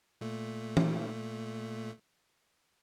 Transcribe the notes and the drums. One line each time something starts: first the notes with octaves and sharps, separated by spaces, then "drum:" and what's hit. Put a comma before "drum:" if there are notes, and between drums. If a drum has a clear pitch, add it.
A#2 A3
drum: tom E3